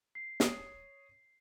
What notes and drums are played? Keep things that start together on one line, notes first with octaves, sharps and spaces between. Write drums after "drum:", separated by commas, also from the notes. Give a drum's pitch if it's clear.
C7
C#5 D#6, drum: snare